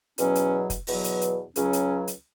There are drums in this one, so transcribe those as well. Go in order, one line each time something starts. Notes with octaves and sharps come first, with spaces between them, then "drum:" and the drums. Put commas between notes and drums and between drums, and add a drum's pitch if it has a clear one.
E2 B2 F#3 C#4, drum: hi-hat
drum: hi-hat
drum: kick, hi-hat
E2 B2 F#3, drum: open hi-hat
drum: hi-hat
drum: hi-hat
C#2 C#3 F#3 C#4, drum: hi-hat
drum: hi-hat
drum: hi-hat